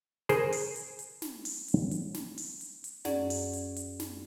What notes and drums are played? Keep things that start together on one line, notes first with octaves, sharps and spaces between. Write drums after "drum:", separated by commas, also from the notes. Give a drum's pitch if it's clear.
G#4 A#4 C5 A#5, drum: snare
drum: open hi-hat
drum: hi-hat
drum: hi-hat
drum: snare
drum: open hi-hat
drum: hi-hat
drum: hi-hat
drum: snare
drum: open hi-hat
drum: hi-hat
drum: hi-hat
F#2 C#4 G#4 D5 F#5, drum: snare
drum: open hi-hat
drum: hi-hat
drum: hi-hat
drum: snare